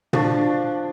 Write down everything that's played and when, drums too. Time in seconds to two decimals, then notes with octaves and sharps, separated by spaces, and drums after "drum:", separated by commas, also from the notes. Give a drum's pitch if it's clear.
0.13 F3 D4 C#6, drum: tom